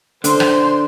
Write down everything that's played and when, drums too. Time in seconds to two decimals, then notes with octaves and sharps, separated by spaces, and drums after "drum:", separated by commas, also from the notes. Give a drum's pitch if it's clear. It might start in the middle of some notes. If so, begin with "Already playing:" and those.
0.24 D3 C5 C6, drum: hi-hat
0.40 drum: rim click